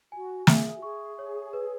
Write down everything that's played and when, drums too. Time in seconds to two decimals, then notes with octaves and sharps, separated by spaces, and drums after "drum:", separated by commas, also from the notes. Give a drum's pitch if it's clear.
0.12 F#4 G#5
0.47 G#4 E5, drum: snare
0.78 F#4
0.82 G#4 C#6
1.19 C#5
1.53 B4